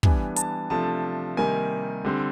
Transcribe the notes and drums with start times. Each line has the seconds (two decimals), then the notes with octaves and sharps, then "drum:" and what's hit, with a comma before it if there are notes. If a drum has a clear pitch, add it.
0.03 E3 G3 B3 D4 G#5, drum: kick
0.36 A5, drum: hi-hat
0.70 C3 F3 A3 D4 A5
1.37 C3 D#3 G3 A#3 G#5
2.05 D3 G3 C4